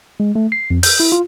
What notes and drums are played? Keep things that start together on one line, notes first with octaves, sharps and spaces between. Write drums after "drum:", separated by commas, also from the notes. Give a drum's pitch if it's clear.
G#3
A3
C7
F2
G6, drum: open hi-hat
E4
F4